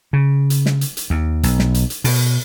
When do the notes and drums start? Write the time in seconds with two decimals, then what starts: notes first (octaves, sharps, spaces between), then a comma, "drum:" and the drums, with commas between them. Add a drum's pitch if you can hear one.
0.13 C#3
0.50 drum: hi-hat
0.66 drum: snare
0.81 drum: hi-hat
0.97 drum: hi-hat
1.10 D#2
1.43 B1, drum: hi-hat
1.59 drum: snare
1.74 drum: hi-hat
1.90 drum: hi-hat
2.04 B2, drum: open hi-hat